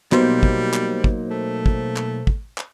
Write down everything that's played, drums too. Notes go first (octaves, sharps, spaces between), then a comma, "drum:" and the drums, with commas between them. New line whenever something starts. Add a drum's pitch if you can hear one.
B2 F#3 G3 A#3 D#4 C5, drum: clap
drum: kick
drum: clap
drum: kick
A3
drum: kick
drum: clap
drum: kick
drum: clap